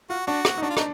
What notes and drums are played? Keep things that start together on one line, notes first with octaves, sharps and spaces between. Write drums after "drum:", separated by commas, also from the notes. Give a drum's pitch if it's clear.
F4 F#4
D4 F#4
drum: rim click
D#4
D4 F#4
F4
D#4, drum: rim click